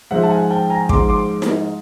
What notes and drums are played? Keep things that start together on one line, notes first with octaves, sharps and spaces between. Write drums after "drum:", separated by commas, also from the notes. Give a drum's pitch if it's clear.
G#2 F3 G#3 E5 F#5
A5
F#5 G#5
G5 A5
G#5 A#5
G#2 F3 G#3 C6 D6, drum: kick
C6 D6
drum: snare D#4